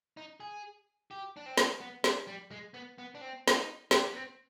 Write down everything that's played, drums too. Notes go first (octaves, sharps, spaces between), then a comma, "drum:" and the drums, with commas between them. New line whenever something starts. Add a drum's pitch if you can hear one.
D#4
G#4
G4
D4
C4
drum: snare
B3
D4, drum: snare
G3
G#3
B3
B3
D4
C4
F4, drum: snare
D#4
G4, drum: snare
B3
C4